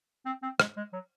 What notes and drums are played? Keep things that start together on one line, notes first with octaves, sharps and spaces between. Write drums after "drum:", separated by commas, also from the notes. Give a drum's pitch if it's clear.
C4
C4
G#3, drum: rim click
G#3
F#3